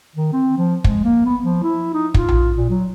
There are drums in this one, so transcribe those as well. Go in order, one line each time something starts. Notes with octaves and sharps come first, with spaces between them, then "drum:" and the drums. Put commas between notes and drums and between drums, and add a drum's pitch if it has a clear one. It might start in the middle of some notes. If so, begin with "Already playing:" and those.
D#3
C4
F3
G#3, drum: kick
A#3
B3
F3
E4
D#4
F4, drum: kick
drum: tom A#1
A#2
F#3